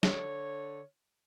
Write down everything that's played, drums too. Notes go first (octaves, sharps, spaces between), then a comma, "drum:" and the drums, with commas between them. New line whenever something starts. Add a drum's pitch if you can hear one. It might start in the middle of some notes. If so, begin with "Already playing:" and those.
D3 C#5, drum: snare